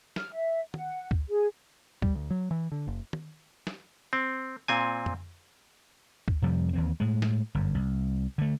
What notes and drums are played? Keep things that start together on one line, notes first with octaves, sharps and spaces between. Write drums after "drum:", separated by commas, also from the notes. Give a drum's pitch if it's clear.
F6, drum: snare
E5
F#5, drum: tom
drum: kick
G#4
G3, drum: kick
D2
F#3
E3
D3
F#1
drum: tom
drum: snare
C4
A#2 C4 G#5
drum: tom F2
drum: kick
F2 C3 F3 G3
D#2 E3 C4
A2 G#3
drum: snare
G1 F#2
C2
D3 A3